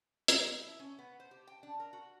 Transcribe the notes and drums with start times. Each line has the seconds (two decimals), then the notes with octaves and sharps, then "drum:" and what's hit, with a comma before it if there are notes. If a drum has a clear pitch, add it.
0.28 drum: hi-hat
0.62 E4
0.80 C#4
0.99 B3
1.20 C5
1.31 G4
1.47 G5
1.63 D4
1.80 A#4
1.93 F#4